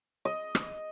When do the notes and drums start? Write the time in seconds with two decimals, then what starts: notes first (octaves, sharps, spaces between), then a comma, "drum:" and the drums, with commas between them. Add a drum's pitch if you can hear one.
0.25 D#5
0.55 drum: rim click